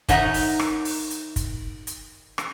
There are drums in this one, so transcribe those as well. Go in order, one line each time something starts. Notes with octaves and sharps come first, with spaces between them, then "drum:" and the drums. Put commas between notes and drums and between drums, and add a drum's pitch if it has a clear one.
D#3 D#4 C#5 E5 F#5 A#5, drum: kick, hi-hat
drum: open hi-hat
drum: rim click
drum: open hi-hat
drum: hi-hat
drum: kick, hi-hat
drum: hi-hat
drum: rim click